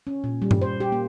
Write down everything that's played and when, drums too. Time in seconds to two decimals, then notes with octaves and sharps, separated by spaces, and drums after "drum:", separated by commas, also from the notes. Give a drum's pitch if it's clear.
0.07 C#4
0.24 A#2
0.42 G3
0.51 drum: tom G2
0.61 C5
0.80 G4
0.92 A#3